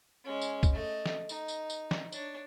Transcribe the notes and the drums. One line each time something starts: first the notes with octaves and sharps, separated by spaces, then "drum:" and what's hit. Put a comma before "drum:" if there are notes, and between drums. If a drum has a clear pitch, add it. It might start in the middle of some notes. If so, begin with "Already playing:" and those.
G#3 C#4
drum: tambourine
drum: kick, tambourine
A3 D#5
drum: snare
D#4, drum: tambourine
drum: tambourine
drum: tambourine
drum: snare
D4 C#5, drum: tambourine